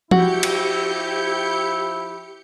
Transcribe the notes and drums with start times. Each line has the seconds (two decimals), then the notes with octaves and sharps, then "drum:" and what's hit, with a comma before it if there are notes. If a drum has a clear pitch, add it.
0.11 F3 E4 F#4 G4 G6 C#7, drum: tom F3
0.43 drum: cymbal